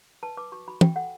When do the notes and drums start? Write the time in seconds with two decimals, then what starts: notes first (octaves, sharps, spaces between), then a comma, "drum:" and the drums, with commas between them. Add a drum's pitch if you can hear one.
0.23 B4 A5
0.37 B4 D6
0.52 F#4 C#6
0.68 F#4 B5
0.81 F#4 G5, drum: tom
0.96 A4 F#5